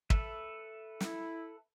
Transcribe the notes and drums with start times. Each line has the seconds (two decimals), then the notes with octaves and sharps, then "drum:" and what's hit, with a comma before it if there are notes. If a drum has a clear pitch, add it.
0.10 A4 B4 E5, drum: kick
1.01 E4, drum: snare